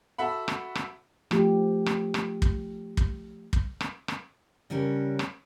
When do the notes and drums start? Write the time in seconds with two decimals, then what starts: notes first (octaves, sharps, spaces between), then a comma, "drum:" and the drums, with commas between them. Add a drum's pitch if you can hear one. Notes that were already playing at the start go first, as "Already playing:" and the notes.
0.18 F#4 A4 E5 F#5 B5
0.48 drum: rim click
0.75 drum: rim click
1.31 F3 A3 G4, drum: rim click
1.86 drum: rim click
2.14 drum: rim click
2.42 drum: kick
2.97 drum: kick
3.53 drum: kick
3.81 drum: rim click
4.08 drum: rim click
4.70 C#3 G3 C#4 D4 A#4
5.19 drum: rim click